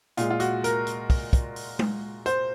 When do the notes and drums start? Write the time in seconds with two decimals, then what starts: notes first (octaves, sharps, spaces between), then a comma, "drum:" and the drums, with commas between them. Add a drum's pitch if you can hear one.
0.17 A#2 G#3 F4, drum: hi-hat
0.30 F4
0.40 F#4, drum: hi-hat
0.64 A#4, drum: hi-hat
0.87 drum: hi-hat
1.10 drum: kick, open hi-hat
1.33 drum: kick, hi-hat
1.56 drum: open hi-hat
1.79 drum: tom G#3
2.26 C5, drum: hi-hat